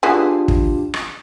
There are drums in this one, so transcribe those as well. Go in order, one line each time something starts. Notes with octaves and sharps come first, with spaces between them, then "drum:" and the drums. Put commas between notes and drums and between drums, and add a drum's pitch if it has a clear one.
B3 D4 E4 F4 G4 G#4
drum: kick
drum: rim click